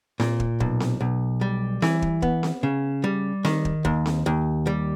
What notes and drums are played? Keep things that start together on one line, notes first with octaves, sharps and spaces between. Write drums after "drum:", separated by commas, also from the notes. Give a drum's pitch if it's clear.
A#2, drum: snare C4
drum: kick
B1, drum: kick
drum: snare C4
B1
G3
E3, drum: snare C4
drum: kick
B3, drum: kick
drum: snare C4
C#3
G3
D#3, drum: snare C4
drum: kick
D#2, drum: kick
drum: snare C4
D#2
G3